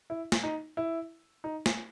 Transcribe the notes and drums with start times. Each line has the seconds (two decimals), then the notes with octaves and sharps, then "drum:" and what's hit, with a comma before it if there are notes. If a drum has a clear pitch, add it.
0.10 E4
0.32 drum: snare
0.43 D#4
0.77 E4
1.44 D#4
1.66 drum: snare